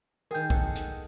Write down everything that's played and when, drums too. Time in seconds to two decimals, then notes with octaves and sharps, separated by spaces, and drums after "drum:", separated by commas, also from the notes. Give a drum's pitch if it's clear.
0.31 D#3 G#4 A#4 G5 G6
0.50 G#4 A4 F#5, drum: kick
0.75 drum: hi-hat